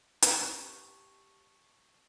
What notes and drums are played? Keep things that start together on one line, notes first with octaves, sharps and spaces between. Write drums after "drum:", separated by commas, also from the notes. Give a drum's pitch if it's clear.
G4 A5 C#6, drum: hi-hat